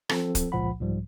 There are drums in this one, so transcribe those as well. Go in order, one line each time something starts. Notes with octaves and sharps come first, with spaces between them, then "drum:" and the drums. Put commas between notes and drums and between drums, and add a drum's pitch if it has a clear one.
F3 C4 A4, drum: rim click
drum: kick, hi-hat
G#1 C#2 A#2 F3 F#5 B5
C2 G#2 F3 G3